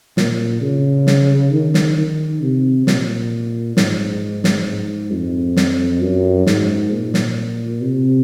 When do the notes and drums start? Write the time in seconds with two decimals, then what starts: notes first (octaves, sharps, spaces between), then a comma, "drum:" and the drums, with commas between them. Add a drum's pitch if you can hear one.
0.17 A#2, drum: snare
0.61 C#3
1.07 drum: snare
1.52 D#3
1.74 drum: snare
1.97 D#3
2.42 C3
2.87 A#2, drum: snare
3.77 G#2, drum: snare
4.44 drum: snare
4.66 G#2
5.12 F2
5.57 drum: snare
6.02 F#2
6.47 G#2, drum: snare
6.91 A#2
7.14 drum: snare
7.81 C3